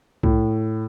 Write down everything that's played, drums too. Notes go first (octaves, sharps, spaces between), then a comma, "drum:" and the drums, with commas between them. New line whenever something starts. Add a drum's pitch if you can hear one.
A2, drum: kick C2